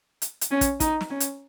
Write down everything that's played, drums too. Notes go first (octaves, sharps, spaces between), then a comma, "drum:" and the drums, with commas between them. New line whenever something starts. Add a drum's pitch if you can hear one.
drum: hi-hat
drum: hi-hat
C#4
drum: kick, hi-hat
D#4, drum: kick, hi-hat
drum: snare
C#4
drum: hi-hat